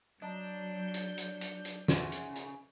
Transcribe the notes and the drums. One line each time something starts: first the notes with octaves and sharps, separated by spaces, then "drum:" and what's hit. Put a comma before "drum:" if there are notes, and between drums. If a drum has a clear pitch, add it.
F#3 D4 D#5 A5 A#5 G6
drum: hi-hat
drum: hi-hat
drum: hi-hat
drum: hi-hat
C#3 E5 F#5 C6, drum: snare
drum: hi-hat
drum: hi-hat